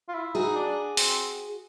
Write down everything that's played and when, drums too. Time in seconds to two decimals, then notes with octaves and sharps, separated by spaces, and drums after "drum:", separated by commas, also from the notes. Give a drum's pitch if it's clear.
0.09 F4
0.14 E4
0.35 D#4 F#4 G#4
0.56 D4
0.97 C4, drum: open hi-hat